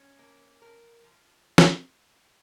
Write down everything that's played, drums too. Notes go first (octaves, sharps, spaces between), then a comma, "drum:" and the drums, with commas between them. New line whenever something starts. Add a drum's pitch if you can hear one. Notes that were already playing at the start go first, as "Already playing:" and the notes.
Already playing: C#4
A#3
A#4
F3
drum: snare